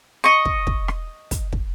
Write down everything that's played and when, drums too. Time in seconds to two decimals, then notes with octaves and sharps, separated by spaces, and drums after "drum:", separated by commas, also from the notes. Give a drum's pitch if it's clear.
0.24 D#5 C#6
0.45 drum: kick
0.67 drum: kick
0.88 drum: rim click
1.31 drum: kick, hi-hat
1.53 drum: kick